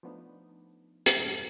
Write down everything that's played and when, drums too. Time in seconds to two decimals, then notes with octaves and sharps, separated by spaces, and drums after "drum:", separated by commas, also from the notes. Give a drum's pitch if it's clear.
0.03 F3 A3 B3 D4 D#4
1.06 drum: hi-hat
1.16 E2 G2 B2 D#4 A5 A6